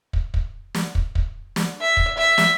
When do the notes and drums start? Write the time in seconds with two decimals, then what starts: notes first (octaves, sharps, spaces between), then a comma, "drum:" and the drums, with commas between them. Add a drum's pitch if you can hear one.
0.13 drum: kick
0.34 drum: kick
0.74 drum: snare
0.95 drum: kick
1.15 drum: kick
1.56 drum: snare
1.81 E5
1.97 drum: kick
2.17 E5
2.38 drum: snare